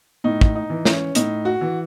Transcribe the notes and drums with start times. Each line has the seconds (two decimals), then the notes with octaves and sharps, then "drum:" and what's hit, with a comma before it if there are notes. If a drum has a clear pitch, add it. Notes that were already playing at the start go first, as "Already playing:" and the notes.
0.24 A2 D#4
0.41 drum: kick
0.55 D#4
0.70 E3
0.85 C#4, drum: snare
1.15 A2 D#4, drum: hi-hat
1.45 F#4
1.61 E3